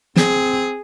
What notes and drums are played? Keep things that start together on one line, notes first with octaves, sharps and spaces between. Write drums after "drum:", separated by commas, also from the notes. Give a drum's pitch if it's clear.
C4 G#4, drum: snare